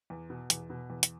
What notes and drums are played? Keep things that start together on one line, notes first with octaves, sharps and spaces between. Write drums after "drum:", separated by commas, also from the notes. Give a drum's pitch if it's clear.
E2
B2
E2, drum: hi-hat
B2
E2
drum: hi-hat